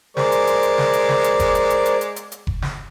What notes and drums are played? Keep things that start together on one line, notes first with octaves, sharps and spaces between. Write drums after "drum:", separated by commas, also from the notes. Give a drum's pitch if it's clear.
G#3 A#4 C5 D5 D6, drum: snare
drum: hi-hat
drum: hi-hat
drum: hi-hat
drum: snare
drum: hi-hat
drum: snare
drum: hi-hat
drum: kick F1, hi-hat
drum: hi-hat
drum: hi-hat
drum: hi-hat
drum: hi-hat
drum: hi-hat
drum: hi-hat
drum: kick F1
drum: snare